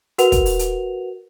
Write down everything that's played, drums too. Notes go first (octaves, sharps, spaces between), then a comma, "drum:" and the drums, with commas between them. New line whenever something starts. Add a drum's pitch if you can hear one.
F#4 A#4 B4 F#5 F7, drum: hi-hat
drum: kick, hi-hat
drum: open hi-hat
drum: hi-hat